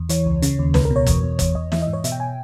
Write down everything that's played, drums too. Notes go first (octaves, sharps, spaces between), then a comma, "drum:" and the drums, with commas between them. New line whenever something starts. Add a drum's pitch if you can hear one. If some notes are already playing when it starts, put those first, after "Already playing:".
Already playing: E2
E3 C#5, drum: hi-hat
C#2
C#3, drum: hi-hat
D#2
C#2 B4, drum: snare
A#4
B2
C#5
E2, drum: kick G1, hi-hat
E2
E2 C#5, drum: kick G1, hi-hat
E2 D#5
E3 E5, drum: snare
D#5
G#2
C#5
B2 E5, drum: hi-hat
G5
G#5